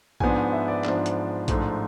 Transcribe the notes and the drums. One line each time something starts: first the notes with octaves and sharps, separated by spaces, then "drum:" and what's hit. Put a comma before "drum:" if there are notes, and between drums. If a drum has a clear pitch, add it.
G#2 F3 B3 D4 G#5, drum: kick A#1
G#5
E5
D5
G#2 F3 B3 D4, drum: clap
drum: hi-hat
A1 G#2 F3 A3 D4, drum: kick A#1, hi-hat